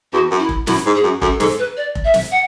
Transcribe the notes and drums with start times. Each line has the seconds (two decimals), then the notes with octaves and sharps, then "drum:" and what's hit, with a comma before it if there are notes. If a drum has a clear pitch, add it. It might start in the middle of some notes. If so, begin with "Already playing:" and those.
0.13 E2 F#4
0.31 F#2
0.39 E4
0.49 drum: kick F1
0.67 F#2 E4, drum: snare
0.86 G#2
0.95 G#4
1.03 F#2
1.22 F#2 A4, drum: kick F1
1.40 G#2 A4, drum: snare
1.59 B4
1.77 D5
1.95 drum: kick F1
2.05 E5
2.14 drum: snare
2.32 F#5